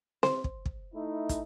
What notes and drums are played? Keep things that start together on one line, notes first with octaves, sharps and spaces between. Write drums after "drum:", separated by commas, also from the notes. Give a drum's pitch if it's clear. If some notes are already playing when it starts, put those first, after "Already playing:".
C5, drum: snare C4
drum: kick
drum: kick
A3 D#4 E4
drum: kick, hi-hat